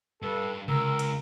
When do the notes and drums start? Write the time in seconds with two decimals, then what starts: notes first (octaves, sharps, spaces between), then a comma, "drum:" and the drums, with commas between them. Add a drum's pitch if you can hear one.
0.22 G2 A4 B4
0.68 C#2 A#4 E6, drum: tom C3
0.99 drum: cymbal